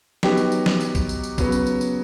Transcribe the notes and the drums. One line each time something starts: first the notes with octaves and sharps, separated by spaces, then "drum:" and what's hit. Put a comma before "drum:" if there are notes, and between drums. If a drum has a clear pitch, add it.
F#3 B3 D#4 G4, drum: snare
drum: tambourine
drum: tambourine
drum: snare
drum: tambourine
drum: kick, tambourine
drum: tambourine
drum: tambourine
C#3 F#3 B3, drum: kick, tambourine
drum: tambourine
drum: tambourine
drum: tambourine